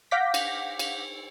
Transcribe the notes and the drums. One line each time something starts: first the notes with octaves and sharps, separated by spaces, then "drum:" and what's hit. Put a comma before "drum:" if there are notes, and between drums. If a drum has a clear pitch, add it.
F5 F#5 D6 G6 A#6 B6
drum: cymbal
drum: cymbal